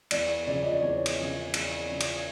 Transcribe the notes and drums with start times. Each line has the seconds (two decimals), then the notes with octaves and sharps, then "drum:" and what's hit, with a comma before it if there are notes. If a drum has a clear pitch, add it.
0.11 E2 D5, drum: cymbal
0.47 C#3 F3 D5
0.62 D#5
0.72 D5
0.82 E2 C#5
1.06 drum: cymbal
1.18 C#3 F3
1.54 E2, drum: cymbal
1.89 C#3 F3
2.01 drum: cymbal